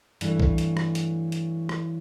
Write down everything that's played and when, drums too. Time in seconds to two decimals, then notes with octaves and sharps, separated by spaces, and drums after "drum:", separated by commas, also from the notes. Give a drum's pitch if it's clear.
0.21 G2 E3 F#3 A3, drum: hi-hat
0.40 drum: kick B1
0.58 drum: hi-hat
0.77 drum: rim click
0.95 drum: hi-hat
1.32 drum: hi-hat
1.69 drum: rim click